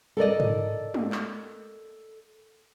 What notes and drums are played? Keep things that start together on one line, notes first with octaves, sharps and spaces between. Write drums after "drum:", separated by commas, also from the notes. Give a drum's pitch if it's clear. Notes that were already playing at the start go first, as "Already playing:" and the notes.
A4 A#4 D5 D#5
drum: tom G#2
drum: tom G#3
drum: clap